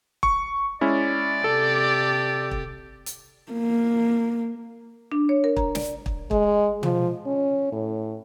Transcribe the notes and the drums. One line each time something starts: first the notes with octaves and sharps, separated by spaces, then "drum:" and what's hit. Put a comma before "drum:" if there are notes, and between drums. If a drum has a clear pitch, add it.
C#6, drum: kick
G#3 C#4 E4 D5
C3 G4 A4
drum: kick
drum: hi-hat
A#3
D4
C#5
A#4
A#5, drum: kick
D5, drum: snare
drum: kick
G#3, drum: kick
F3, drum: tom
C#4
A2